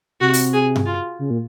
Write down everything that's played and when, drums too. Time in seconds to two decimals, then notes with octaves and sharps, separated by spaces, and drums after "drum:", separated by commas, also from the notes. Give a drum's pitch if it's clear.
0.20 C3 F#4
0.33 drum: open hi-hat
0.53 G#4
0.76 drum: tom G2
0.86 F4
1.19 C#3
1.30 A#2